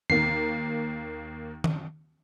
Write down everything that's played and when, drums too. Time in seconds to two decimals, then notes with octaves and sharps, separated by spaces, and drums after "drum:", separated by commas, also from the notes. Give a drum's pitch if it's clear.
0.10 D#2 A#3 C7, drum: tom D#3
1.64 drum: tom D#3